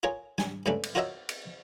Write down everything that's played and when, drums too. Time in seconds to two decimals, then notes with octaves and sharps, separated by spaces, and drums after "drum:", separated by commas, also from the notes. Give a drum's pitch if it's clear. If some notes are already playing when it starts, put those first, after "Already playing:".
0.03 F4 G#4 A#4 C#5
0.38 G#5, drum: snare
0.66 G2 C#3 G#3 A3 D4
0.83 drum: cymbal
0.95 F4 F#4 A#4 C#5 D#5 E5
1.29 drum: cymbal